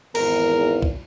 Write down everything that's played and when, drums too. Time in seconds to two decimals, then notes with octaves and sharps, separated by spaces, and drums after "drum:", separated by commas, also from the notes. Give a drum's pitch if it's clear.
0.15 G#1 E2 A#4, drum: cymbal
0.82 drum: kick B1